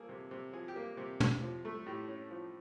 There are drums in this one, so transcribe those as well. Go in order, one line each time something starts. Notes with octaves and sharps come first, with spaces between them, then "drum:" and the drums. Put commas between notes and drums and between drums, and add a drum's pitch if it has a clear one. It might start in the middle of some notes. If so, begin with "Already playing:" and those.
Already playing: F3 A#3 G#4 A4
C3
C3
F3 G#4
G4
A#3
C3
C3, drum: tom
F3
A3
A2 G4
C#4
F3